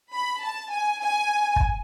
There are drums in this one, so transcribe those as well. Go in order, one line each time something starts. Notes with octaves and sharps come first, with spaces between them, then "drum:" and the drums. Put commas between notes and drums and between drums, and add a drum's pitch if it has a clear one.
B5
A5
G#5
G#5
drum: kick